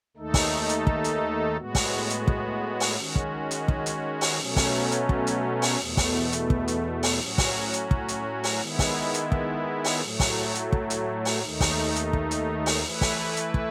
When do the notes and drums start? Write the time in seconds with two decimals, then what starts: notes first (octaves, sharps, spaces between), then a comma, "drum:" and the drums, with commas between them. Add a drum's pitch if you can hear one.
0.17 D#2 D#3 A3 D#4 A4
0.34 drum: kick, open hi-hat
0.69 drum: hi-hat
0.87 drum: kick
1.04 drum: hi-hat
1.57 A2 G#3 B3 F#4
1.75 drum: kick, open hi-hat
2.10 drum: hi-hat
2.28 drum: kick
2.80 drum: open hi-hat
2.98 D#3 G#3 C#4 F#4
3.16 drum: kick
3.51 drum: hi-hat
3.68 drum: kick
3.86 drum: hi-hat
4.21 drum: open hi-hat
4.39 B2 F#3 A3 C#4
4.56 drum: kick, open hi-hat
4.92 drum: hi-hat
5.09 drum: kick
5.27 drum: hi-hat
5.62 drum: open hi-hat
5.79 E2 B2 A3
5.97 drum: kick, open hi-hat
6.32 drum: hi-hat
6.50 drum: kick
6.68 drum: hi-hat
7.03 drum: open hi-hat
7.21 A2 F#3 C#4 F#4
7.38 drum: kick, open hi-hat
7.73 drum: hi-hat
7.91 drum: kick
8.08 drum: hi-hat
8.44 drum: open hi-hat
8.61 D#3 G#3 B3 E4
8.79 drum: kick, open hi-hat
9.14 drum: hi-hat
9.32 drum: kick
9.84 drum: open hi-hat
10.02 A2 F#3 A3
10.20 drum: kick, open hi-hat
10.55 drum: hi-hat
10.72 drum: kick
10.90 drum: hi-hat
11.25 drum: open hi-hat
11.43 D#2 D#3 A3 D#4
11.60 drum: kick, open hi-hat
11.96 drum: hi-hat
12.13 drum: kick
12.31 drum: hi-hat
12.66 drum: open hi-hat
12.83 E3 A3 E4 B4
13.01 drum: kick, open hi-hat
13.37 drum: hi-hat
13.54 drum: kick